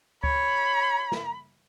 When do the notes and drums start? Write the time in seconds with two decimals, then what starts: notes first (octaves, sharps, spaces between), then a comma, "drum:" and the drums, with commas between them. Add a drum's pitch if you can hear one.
0.24 C#5 B5, drum: kick C#2
1.12 drum: snare